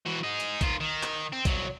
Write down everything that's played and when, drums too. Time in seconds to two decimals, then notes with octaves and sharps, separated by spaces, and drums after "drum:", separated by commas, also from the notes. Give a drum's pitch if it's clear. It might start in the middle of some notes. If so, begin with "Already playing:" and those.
0.06 E3 F#4
0.23 D#4 G#4
0.40 drum: hi-hat
0.61 D#3 F4, drum: kick A#1, hi-hat
0.80 D#3
1.03 drum: clap
1.33 C4
1.45 C2 F#3, drum: kick A#1, hi-hat